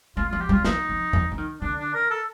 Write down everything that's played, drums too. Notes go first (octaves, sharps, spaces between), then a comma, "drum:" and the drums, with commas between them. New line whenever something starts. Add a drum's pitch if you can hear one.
A3 F4
F4
F3
G4
G3
F4
F3 D#4, drum: snare
F3
F3, drum: tom E2
F3
D#3
D3 D4
D4
A#4
A4